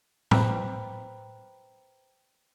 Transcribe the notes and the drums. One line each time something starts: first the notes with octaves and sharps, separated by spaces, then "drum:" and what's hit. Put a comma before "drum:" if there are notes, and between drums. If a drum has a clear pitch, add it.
B4 C5 G5 A#5 B5 F#6, drum: tom